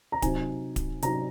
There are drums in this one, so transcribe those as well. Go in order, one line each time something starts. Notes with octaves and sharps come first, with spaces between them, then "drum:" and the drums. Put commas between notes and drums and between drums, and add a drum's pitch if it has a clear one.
A#5
C3 F#3 C4 D#4 G#5, drum: kick D1, hi-hat
drum: kick D1, hi-hat
C3 F#3 C4 D#4 A#5, drum: hi-hat